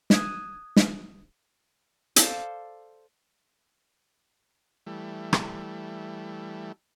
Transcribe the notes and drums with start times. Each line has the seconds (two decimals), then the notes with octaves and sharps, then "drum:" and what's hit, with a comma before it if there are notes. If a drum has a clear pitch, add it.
0.10 D#6 F#6 G#6 D#7 E7, drum: snare
0.76 drum: snare
2.16 A4 C5 D5 F5, drum: hi-hat
4.86 E3 G3 A3
5.33 drum: rim click